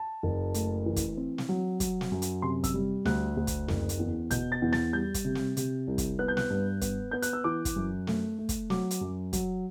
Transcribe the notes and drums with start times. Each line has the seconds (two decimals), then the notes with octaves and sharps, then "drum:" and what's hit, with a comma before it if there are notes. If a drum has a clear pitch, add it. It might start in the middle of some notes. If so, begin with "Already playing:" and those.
Already playing: A5
0.23 F#1
0.54 A3, drum: hi-hat
0.86 E3
0.96 drum: kick, hi-hat
1.17 C4
1.38 drum: snare
1.49 F#3
1.80 F#3, drum: kick, hi-hat
2.01 drum: snare
2.12 F#2
2.22 drum: hi-hat
2.42 C3 C6
2.64 E6, drum: kick, hi-hat
2.74 G3
3.05 D2 F#6, drum: snare
3.37 D2
3.47 drum: kick, hi-hat
3.68 F#1, drum: snare
3.89 drum: hi-hat
4.00 E2
4.31 B2 G6, drum: kick, hi-hat
4.52 A6
4.62 E2
4.73 A6, drum: snare
4.93 G3 G6
5.14 drum: kick, hi-hat
5.25 C3
5.35 drum: snare
5.57 C3, drum: hi-hat
5.87 C2
5.98 drum: kick, hi-hat
6.19 B3 F#6
6.28 G6
6.37 F#6, drum: snare
6.50 G2
6.81 B3, drum: kick, hi-hat
7.11 B3 G6
7.22 F#6, drum: hi-hat
7.33 E6
7.44 E3 D6
7.65 drum: kick, hi-hat
7.76 F#2
8.07 A3, drum: snare
8.39 A3
8.49 drum: kick, hi-hat
8.70 F#3 D6, drum: snare
8.91 drum: hi-hat
9.01 F#2
9.33 F#3, drum: kick, hi-hat